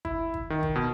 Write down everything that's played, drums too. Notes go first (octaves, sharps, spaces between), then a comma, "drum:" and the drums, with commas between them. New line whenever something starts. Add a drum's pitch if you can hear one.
E4, drum: kick
drum: kick
D#3
drum: kick
B2